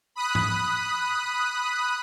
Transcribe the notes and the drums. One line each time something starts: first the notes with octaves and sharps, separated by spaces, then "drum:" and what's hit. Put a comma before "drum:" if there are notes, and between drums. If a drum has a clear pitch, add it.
B5 D#6 F#6
drum: tom G#2